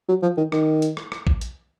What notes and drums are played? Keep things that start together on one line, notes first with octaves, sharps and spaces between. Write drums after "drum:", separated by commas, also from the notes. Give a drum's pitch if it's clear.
F#3
F3
D#3
D#3, drum: rim click
drum: hi-hat
drum: rim click
drum: rim click
drum: kick A#1
drum: hi-hat